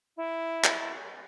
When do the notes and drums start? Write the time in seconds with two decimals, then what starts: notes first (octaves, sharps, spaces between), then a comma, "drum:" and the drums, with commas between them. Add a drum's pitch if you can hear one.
0.17 E4
0.64 drum: clap